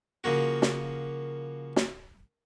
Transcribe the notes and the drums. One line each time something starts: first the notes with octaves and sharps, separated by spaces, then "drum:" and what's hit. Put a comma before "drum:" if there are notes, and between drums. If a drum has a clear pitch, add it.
C#3 F3 A#3 F#4
drum: snare
drum: snare